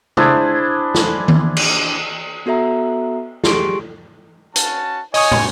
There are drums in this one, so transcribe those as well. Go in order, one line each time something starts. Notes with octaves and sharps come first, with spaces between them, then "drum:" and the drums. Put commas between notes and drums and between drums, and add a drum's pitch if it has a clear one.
D4 E4 G#4 C5, drum: tom
drum: snare
drum: tom D#3
drum: cymbal
B3 F#4 A4 E5 A#5
G4 G#4 C6 C#6 D7, drum: snare
C#4 F#4 A5, drum: hi-hat
D#4 C#5 D#5 G#5 C#6 D#6, drum: open hi-hat
drum: tom